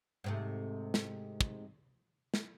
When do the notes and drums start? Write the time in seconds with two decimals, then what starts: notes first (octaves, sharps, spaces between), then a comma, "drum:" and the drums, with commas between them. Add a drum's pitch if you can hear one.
0.24 G#2 C3 A3
0.94 drum: snare
1.41 drum: kick
2.34 drum: snare